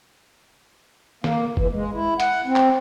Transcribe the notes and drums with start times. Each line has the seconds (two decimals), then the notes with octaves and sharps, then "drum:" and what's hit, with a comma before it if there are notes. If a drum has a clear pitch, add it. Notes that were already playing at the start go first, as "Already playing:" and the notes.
1.24 A#3, drum: snare
1.57 E3, drum: kick
1.73 G#3
1.94 E4
2.20 F#5, drum: hi-hat
2.46 C4
2.56 drum: clap